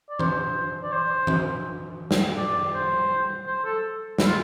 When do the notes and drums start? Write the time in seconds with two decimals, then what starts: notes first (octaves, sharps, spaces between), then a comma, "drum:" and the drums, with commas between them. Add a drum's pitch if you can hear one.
0.10 D5
0.19 C5, drum: tom E3
0.83 D5
0.92 C5
1.27 drum: tom E3
2.11 drum: snare
2.37 D5
2.74 C5
3.47 C5
3.64 A4
4.18 E4, drum: snare
4.27 F4